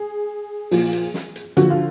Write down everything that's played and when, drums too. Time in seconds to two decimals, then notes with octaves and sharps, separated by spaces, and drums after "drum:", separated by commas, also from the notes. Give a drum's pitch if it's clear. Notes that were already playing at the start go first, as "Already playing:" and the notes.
Already playing: G#4
0.71 A#2 F3, drum: open hi-hat
0.93 drum: hi-hat
1.14 drum: snare
1.36 drum: hi-hat
1.57 D3 F3 F#4, drum: hi-hat
1.70 F4